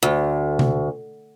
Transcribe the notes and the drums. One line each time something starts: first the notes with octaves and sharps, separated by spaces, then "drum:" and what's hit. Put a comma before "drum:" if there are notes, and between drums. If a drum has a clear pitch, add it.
D2
drum: tom C3